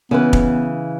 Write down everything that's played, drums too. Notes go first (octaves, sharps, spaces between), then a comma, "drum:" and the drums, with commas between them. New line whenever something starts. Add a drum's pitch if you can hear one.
C#3 E3 B3 B4
drum: kick